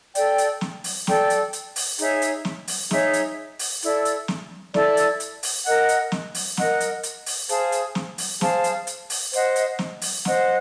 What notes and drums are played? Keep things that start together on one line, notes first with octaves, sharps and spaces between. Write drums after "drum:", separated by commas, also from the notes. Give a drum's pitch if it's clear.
A4 D5 G5, drum: hi-hat
drum: hi-hat
drum: snare
drum: open hi-hat
A4 D5 G5, drum: snare
drum: hi-hat
drum: hi-hat
drum: open hi-hat
D#4 G#4 C#5 E5, drum: hi-hat
drum: hi-hat
drum: snare
drum: open hi-hat
D#4 G#4 C#5 E5, drum: snare
drum: hi-hat
drum: open hi-hat
E4 A4 D5, drum: hi-hat
drum: hi-hat
drum: snare
E4 A4 D5, drum: snare
drum: hi-hat
drum: hi-hat
drum: open hi-hat
A#4 D#5 F#5, drum: hi-hat
drum: hi-hat
drum: snare
drum: open hi-hat
A#4 D#5 F#5, drum: snare
drum: hi-hat
drum: hi-hat
drum: open hi-hat
G#4 C5 F5 A5, drum: hi-hat
drum: hi-hat
drum: snare
drum: open hi-hat
G#4 C5 F5 A5, drum: snare
drum: hi-hat
drum: hi-hat
drum: open hi-hat
C5 D#5 F#5, drum: hi-hat
drum: hi-hat
drum: snare
drum: open hi-hat
C5 D#5 F#5, drum: snare